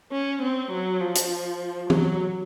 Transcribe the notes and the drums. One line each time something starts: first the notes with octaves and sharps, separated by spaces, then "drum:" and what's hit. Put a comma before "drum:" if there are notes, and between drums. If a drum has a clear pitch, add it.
C#4
C4
F#3
F3
drum: hi-hat
F#3, drum: tom E3